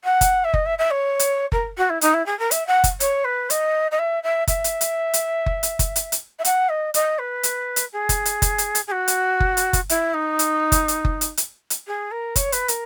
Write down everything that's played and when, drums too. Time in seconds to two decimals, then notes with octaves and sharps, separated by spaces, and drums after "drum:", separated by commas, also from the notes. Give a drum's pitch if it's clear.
0.04 F#5
0.21 drum: kick F#1, hi-hat
0.44 E5
0.54 D#5, drum: kick F#1
0.65 E5
0.78 E5
0.90 C#5
1.19 drum: hi-hat
1.52 A#4, drum: kick F#1
1.77 F#4
1.89 E4
2.01 D#4, drum: hi-hat
2.14 E4
2.26 G#4
2.39 A#4
2.51 E5, drum: hi-hat
2.67 F#5
2.84 drum: kick F#1, hi-hat
3.00 C#5, drum: hi-hat
3.24 B4
3.50 D#5, drum: hi-hat
3.91 D#5
3.99 E5
4.23 E5
4.48 E5, drum: kick F#1, hi-hat
4.64 drum: hi-hat
4.81 drum: hi-hat
5.14 drum: hi-hat
5.46 drum: kick F#1
5.63 drum: hi-hat
5.79 drum: kick F#1, hi-hat
5.96 drum: hi-hat
6.12 drum: hi-hat
6.39 E5
6.45 F#5, drum: hi-hat
6.69 D#5
6.94 D#5, drum: hi-hat
7.18 B4
7.43 drum: hi-hat
7.76 drum: hi-hat
7.92 G#4
8.09 drum: kick F#1, hi-hat
8.25 drum: hi-hat
8.42 drum: kick F#1, hi-hat
8.58 drum: hi-hat
8.75 drum: hi-hat
8.87 G#4
8.91 F#4
9.08 drum: hi-hat
9.40 drum: kick F#1
9.57 drum: hi-hat
9.73 drum: kick F#1, hi-hat
9.89 E4, drum: hi-hat
10.14 D#4
10.39 drum: hi-hat
10.72 drum: kick F#1, hi-hat
10.88 drum: hi-hat
11.05 drum: kick F#1
11.21 drum: hi-hat
11.37 drum: hi-hat
11.70 drum: hi-hat
11.87 G#4
12.11 A#4
12.36 C#5, drum: kick F#1, hi-hat
12.52 B4, drum: hi-hat
12.68 A#4, drum: hi-hat